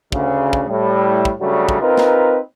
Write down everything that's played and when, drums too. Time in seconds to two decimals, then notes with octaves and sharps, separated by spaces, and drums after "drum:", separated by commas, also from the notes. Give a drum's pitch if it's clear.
0.12 D2 C#3, drum: kick
0.53 drum: kick
0.68 A2 G3
1.25 drum: kick
1.40 C#3 F#3 G3 A3 D4 F#4
1.69 drum: kick
1.81 C4 D#4 F4 A#4 B4
1.98 drum: snare